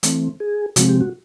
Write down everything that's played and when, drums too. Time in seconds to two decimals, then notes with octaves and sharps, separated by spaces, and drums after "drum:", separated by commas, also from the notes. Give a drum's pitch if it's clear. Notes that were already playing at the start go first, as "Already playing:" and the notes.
0.03 E3 A3 C4, drum: hi-hat
0.40 G#4
0.76 C3 F3 G#3 C4 F#4, drum: hi-hat
0.89 G4
1.01 F#4